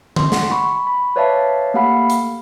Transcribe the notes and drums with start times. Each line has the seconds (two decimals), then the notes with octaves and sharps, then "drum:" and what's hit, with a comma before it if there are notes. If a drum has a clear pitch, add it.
0.16 C6, drum: tom D3
0.32 F#5, drum: snare
0.51 B5 C#6
0.87 B5
1.16 B4 C#5 D5 E5 F5 A5
1.74 A3 A#3 G4 F5 F#5 B5
2.10 drum: hi-hat